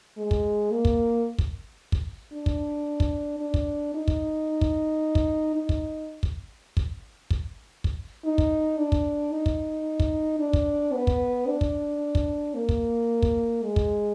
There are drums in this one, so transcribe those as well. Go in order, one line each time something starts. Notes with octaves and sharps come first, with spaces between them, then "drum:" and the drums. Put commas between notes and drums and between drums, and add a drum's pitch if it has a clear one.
G#3
drum: kick
A#3
drum: kick
drum: kick
drum: kick
D4
drum: kick
drum: kick
D4
drum: kick
D#4
drum: kick
drum: kick
drum: kick
D#4
drum: kick
drum: kick
drum: kick
drum: kick
drum: kick
D#4
drum: kick
D4
drum: kick
D#4
drum: kick
drum: kick
D4
drum: kick
B3
drum: kick
D4
drum: kick
drum: kick
A#3
drum: kick
drum: kick
G#3
drum: kick